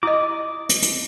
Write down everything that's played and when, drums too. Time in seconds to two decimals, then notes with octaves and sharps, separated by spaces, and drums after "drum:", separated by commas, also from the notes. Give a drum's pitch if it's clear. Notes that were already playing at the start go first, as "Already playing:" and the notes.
0.03 E4 D#5 D6 D#6
0.69 drum: hi-hat
0.82 drum: hi-hat